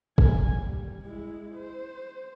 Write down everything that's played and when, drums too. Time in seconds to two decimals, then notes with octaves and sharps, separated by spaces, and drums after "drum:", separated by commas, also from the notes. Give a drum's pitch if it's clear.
0.18 A#3 G#5, drum: kick
0.54 G3
1.04 G#3 E4
1.55 C5